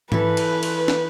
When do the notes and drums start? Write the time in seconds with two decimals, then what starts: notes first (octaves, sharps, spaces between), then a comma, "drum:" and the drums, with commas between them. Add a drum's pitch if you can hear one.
0.12 E3 A4 B4, drum: tom G#2
0.37 drum: cymbal
0.63 drum: cymbal
0.88 drum: snare